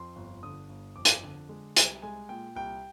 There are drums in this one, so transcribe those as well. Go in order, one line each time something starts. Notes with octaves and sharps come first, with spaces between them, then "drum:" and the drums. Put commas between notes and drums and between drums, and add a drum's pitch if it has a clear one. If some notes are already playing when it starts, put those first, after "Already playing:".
Already playing: F2 C6
G1
D3 D#6
G1
F2 D6
drum: hi-hat
D3
G#3
C2, drum: hi-hat
G#3 G#5
A#2 G5
C2 G5